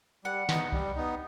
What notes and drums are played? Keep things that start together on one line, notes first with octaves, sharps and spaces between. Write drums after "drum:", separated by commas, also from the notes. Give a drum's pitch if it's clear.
G3 F#5
B3 D#4, drum: snare
G3, drum: kick C2
B3 D#4